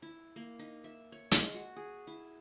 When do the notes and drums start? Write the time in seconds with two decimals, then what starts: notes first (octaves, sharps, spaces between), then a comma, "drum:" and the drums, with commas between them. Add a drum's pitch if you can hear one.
0.02 E4
0.36 A#3
0.59 D#4
0.84 E5
1.12 C#5
1.31 G#3, drum: hi-hat
1.54 F#4
1.76 G#4
2.07 E4